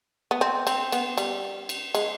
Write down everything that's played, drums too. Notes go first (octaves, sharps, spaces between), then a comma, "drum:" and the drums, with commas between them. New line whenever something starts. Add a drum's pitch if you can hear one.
B3
C4
C4, drum: cymbal
B3, drum: cymbal
G3, drum: cymbal
drum: cymbal
G#3, drum: cymbal